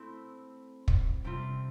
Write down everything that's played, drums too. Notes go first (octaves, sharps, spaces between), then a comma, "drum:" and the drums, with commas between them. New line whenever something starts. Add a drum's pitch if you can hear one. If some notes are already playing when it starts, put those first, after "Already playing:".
Already playing: A3 C4 E4
drum: kick
C3 G3 C4 F4